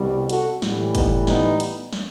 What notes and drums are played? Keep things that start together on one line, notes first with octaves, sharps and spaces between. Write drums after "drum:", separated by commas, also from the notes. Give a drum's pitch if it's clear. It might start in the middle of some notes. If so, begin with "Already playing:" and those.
Already playing: C2 B2 G3
F#4 A4, drum: hi-hat
A2 E3 G3, drum: snare
B3 D#4, drum: kick, hi-hat
B3 D#4, drum: snare
drum: hi-hat
drum: snare